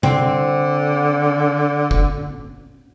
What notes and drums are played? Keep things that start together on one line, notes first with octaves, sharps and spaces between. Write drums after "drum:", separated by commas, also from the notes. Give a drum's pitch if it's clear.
D3 C4, drum: tom C3
drum: kick